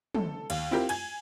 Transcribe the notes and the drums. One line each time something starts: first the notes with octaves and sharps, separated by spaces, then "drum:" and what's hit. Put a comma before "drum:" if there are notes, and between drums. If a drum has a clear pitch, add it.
A4, drum: tom
D#2, drum: cymbal
C4 E4 F4 G4 A#4
G#5 G#6, drum: cymbal